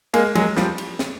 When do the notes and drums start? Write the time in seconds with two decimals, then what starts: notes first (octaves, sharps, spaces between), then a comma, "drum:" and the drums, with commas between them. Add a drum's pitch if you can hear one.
0.14 G#3 A#3, drum: cymbal
0.35 F#3 G#3, drum: cymbal
0.57 F3 G3, drum: snare
0.78 drum: cymbal
0.99 drum: snare